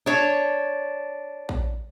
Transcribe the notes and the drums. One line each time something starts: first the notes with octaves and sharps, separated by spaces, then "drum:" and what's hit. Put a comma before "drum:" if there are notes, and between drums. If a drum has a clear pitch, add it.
D4 C#5
drum: kick A1